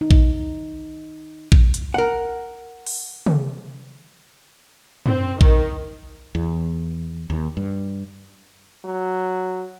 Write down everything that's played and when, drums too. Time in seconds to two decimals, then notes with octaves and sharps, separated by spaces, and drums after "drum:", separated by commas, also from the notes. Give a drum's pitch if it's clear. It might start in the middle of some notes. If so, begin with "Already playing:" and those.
0.01 D#4
0.11 drum: kick A#1
1.52 drum: kick A#1
1.74 drum: hi-hat
1.94 A#4 F#5
2.87 drum: open hi-hat
3.26 drum: tom
5.06 C4, drum: tom
5.41 D#3, drum: kick A#1
6.35 E2
7.30 D#2
7.57 G2
8.85 F#3